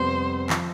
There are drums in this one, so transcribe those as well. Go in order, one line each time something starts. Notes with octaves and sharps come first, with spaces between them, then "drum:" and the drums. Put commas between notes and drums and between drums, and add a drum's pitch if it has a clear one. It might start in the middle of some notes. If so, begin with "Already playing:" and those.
Already playing: F2 C3 G3 B3 C5
F3, drum: clap